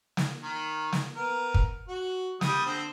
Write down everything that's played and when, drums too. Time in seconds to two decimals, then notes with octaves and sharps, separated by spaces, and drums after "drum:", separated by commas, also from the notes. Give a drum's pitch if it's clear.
0.17 drum: snare
0.42 D#3
0.92 drum: snare
1.16 B3 A#4
1.54 drum: kick
1.88 F#4
2.41 G3 D#6, drum: snare
2.66 D3 C4